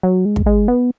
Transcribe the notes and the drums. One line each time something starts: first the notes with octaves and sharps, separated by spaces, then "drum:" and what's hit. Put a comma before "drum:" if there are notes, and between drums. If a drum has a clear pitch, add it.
F#3
G#3
drum: kick
G#3
B3